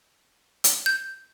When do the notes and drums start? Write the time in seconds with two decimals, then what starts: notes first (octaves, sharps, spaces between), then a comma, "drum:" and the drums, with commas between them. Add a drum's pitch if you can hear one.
0.64 drum: hi-hat
0.86 G6